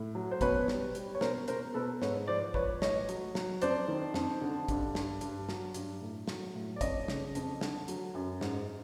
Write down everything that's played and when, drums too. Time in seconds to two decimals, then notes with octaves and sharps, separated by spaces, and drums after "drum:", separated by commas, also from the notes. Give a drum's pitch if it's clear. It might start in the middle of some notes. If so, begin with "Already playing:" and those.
Already playing: A2
0.15 F#3
0.31 C5
0.41 B2 B4 C#5, drum: kick, hi-hat
0.68 G3, drum: snare
0.95 G3, drum: hi-hat
1.15 C#5
1.21 B2 A#4 C5, drum: snare
1.48 B2 A#4 C5, drum: hi-hat
1.74 B2 A4 B4
2.02 G#2 B4 C#5, drum: snare
2.27 F3 C5 D5
2.54 F3 B4 C#5, drum: kick
2.82 A2 C#5 D#5, drum: snare
3.09 F#3, drum: hi-hat
3.35 F#3, drum: snare
3.62 F2 C5 D5, drum: hi-hat
3.88 D#3
4.14 F2, drum: snare
4.41 D3
4.68 G2, drum: kick, hi-hat
4.95 G2, drum: snare
5.21 G2, drum: hi-hat
5.49 F#3, drum: snare
5.74 G2, drum: hi-hat
6.02 A2
6.28 F#3, drum: snare
6.55 A2
6.76 D5
6.81 F2 C#5 D#5, drum: kick, hi-hat
7.08 C#3, drum: snare
7.35 F2, drum: hi-hat
7.61 D3, drum: snare
7.88 F#3, drum: hi-hat
8.15 F#2
8.41 G#2, drum: snare